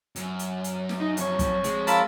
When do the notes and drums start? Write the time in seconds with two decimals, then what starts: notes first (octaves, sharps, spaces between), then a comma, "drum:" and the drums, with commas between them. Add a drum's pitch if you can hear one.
0.16 F#2, drum: hi-hat
0.39 drum: hi-hat
0.64 drum: hi-hat
0.89 drum: snare
1.00 D#4
1.17 F2 C#5, drum: hi-hat
1.39 drum: kick, hi-hat
1.64 G#3, drum: hi-hat
1.87 F4 A#4 A5 B5 E6, drum: hi-hat